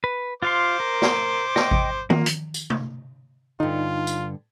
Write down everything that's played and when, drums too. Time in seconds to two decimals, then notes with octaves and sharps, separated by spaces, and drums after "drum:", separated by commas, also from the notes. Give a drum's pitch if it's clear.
0.04 B4
0.43 F4 C5 F5 C6 D6
0.80 A#4
1.02 drum: snare
1.56 D#5 G5, drum: snare
1.71 drum: kick G#1
2.10 A#3 F4, drum: tom D#3
2.26 drum: hi-hat
2.54 drum: tambourine
2.70 drum: tom C3
3.60 G2 D3 D#4 F4
4.07 drum: tambourine